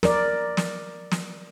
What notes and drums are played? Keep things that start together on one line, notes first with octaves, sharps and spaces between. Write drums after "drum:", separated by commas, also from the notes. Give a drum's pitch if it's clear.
A#4 D5, drum: snare
drum: snare
drum: snare